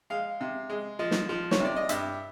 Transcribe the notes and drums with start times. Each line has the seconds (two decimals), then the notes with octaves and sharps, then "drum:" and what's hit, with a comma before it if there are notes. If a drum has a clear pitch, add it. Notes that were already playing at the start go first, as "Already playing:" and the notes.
0.10 G#3 F5
0.41 C3
0.70 G#3
0.99 F3 D#5
1.11 drum: snare
1.29 F3
1.51 C#5, drum: snare
1.60 C3 D5
1.76 D#5
1.89 G2 E5, drum: hi-hat